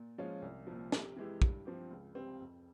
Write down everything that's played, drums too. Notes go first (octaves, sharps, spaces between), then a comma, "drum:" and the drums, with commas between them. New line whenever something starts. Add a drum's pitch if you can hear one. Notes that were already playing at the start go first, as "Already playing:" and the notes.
Already playing: A#2
F3 G#3 C#4 F4
C2
A#2 F3
C3, drum: snare
E3 G#3 E4 G4
G2, drum: kick
F3 C4 G4
C#2
C3 G3 C4
F2